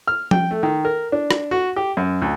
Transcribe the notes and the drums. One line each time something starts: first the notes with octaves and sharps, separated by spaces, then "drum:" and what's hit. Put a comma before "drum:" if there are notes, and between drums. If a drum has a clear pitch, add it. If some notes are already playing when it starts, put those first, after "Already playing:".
F6
G5, drum: tom F3
A3
D#3
A#4
D4
drum: rim click
F#4
G4
F#2
D2